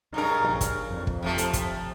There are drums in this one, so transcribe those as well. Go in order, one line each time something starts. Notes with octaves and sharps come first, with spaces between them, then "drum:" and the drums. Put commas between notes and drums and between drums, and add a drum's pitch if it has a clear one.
G2 C#3 D#4 A#4
A#1
drum: kick, hi-hat
F2
drum: kick
C3 F3 A3
drum: hi-hat
drum: kick, hi-hat